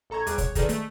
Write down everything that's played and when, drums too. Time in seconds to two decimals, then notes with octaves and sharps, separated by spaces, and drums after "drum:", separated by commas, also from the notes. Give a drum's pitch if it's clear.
0.10 A#1 A4 A#5 C#6 G#6
0.27 E2 G3 G#4 D6 F#6 G#6, drum: hi-hat
0.38 C#5, drum: kick, hi-hat
0.55 D#3 D#4 G#4 A4 B4 D5, drum: kick, hi-hat
0.69 A3, drum: hi-hat